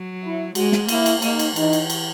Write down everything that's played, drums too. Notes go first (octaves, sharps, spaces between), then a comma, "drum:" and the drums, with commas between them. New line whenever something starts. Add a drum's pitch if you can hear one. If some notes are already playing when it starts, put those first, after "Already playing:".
Already playing: F#3
E4
G#3 F#4, drum: cymbal
drum: snare
A#3 E4, drum: cymbal
drum: cymbal
A#3 D#4, drum: cymbal
drum: cymbal
E3 D#4, drum: cymbal
drum: cymbal
drum: cymbal